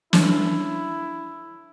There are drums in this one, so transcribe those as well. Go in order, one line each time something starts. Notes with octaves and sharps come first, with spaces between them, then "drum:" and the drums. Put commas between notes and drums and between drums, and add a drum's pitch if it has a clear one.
D3 C#4 E4, drum: snare